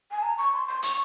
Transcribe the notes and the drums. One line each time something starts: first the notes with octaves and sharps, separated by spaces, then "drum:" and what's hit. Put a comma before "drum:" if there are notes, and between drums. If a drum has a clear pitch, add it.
G#5
A#5
C#6
C6
C6
C#6, drum: hi-hat